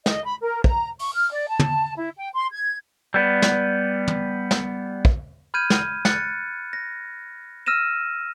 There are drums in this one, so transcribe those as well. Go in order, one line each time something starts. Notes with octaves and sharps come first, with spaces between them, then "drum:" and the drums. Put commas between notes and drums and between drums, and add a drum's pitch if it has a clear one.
D#5, drum: snare
B5
A#4
A#5, drum: kick
C#6, drum: open hi-hat
F6
D5
A5
drum: tom
E4
G5
C6
G#6
G3 B3
drum: snare
drum: tom
drum: snare
drum: kick
B5 F6 G6 G#6 D#7
drum: snare
F#6 A6 C#7, drum: snare
A#6
E6 F6 A#6 D#7 E7